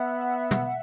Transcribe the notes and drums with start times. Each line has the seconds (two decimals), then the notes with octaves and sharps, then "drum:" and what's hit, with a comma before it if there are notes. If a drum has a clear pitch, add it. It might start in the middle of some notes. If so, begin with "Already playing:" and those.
Already playing: B3 E5 F#5
0.51 drum: tom